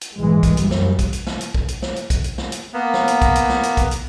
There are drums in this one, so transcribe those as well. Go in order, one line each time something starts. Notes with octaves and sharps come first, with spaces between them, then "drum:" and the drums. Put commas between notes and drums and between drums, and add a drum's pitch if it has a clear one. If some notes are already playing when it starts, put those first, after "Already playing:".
drum: hi-hat
A#1 G#2 E3 G#3
drum: kick, hi-hat
F#2 G3, drum: hi-hat
drum: snare
drum: kick, hi-hat
drum: hi-hat
drum: snare
drum: hi-hat
drum: kick
drum: hi-hat
drum: snare
drum: hi-hat
drum: kick, hi-hat
drum: hi-hat
drum: snare
drum: hi-hat
A#3 B3
drum: snare
drum: hi-hat
drum: kick, hi-hat
drum: hi-hat
drum: snare
drum: hi-hat
drum: kick, hi-hat
drum: hi-hat